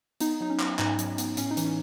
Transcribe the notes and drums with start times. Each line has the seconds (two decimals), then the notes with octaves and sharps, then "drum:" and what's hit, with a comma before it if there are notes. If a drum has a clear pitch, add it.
0.20 B3 D#4, drum: hi-hat
0.41 F#3 D#4
0.50 C#4
0.59 F#3, drum: clap
0.79 G#2 D#4, drum: clap
0.99 F#3, drum: hi-hat
1.18 B3, drum: hi-hat
1.37 A2 C#4, drum: hi-hat
1.51 D#4
1.57 E3, drum: hi-hat
1.65 C#4